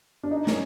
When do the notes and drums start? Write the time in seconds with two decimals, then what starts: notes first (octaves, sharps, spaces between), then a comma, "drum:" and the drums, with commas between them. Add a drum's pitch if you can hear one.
0.23 D4
0.31 D#4
0.47 C#4, drum: snare